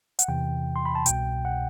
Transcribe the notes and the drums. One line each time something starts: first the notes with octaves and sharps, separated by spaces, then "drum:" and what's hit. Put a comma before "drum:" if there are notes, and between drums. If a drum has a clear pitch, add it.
F#5, drum: hi-hat
E2 C3 E3 G5
C6
B5
A5
C2 B2 G5, drum: hi-hat
F#5